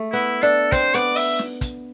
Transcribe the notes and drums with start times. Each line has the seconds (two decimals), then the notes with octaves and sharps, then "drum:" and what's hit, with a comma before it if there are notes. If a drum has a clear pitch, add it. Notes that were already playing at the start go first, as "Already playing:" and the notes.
Already playing: A3
0.12 B3 E4
0.43 D4 A4
0.72 C4 C5, drum: kick, hi-hat
0.94 B3 D5, drum: hi-hat
1.17 E5, drum: open hi-hat
1.39 drum: snare
1.61 drum: kick, hi-hat